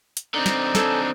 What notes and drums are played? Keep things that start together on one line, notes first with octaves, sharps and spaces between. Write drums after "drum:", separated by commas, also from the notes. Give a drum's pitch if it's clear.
drum: hi-hat
D3 C4 D#4 D5
drum: snare
A4 G#5, drum: snare